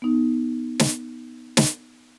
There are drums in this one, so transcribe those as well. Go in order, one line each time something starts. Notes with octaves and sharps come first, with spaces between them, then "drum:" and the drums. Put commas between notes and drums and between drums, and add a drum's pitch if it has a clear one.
B3 D#4
drum: snare
drum: snare